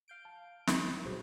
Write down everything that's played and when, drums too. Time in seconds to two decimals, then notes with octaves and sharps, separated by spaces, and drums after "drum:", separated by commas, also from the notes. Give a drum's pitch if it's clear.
0.08 F5 G6 D7
0.25 A5
0.67 B3 D#4, drum: snare
1.04 A#2 D3 F#3 F#4 G#4 B4 C5